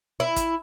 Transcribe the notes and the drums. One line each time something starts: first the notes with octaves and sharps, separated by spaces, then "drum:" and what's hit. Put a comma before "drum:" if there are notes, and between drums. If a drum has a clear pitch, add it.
E4
drum: kick, hi-hat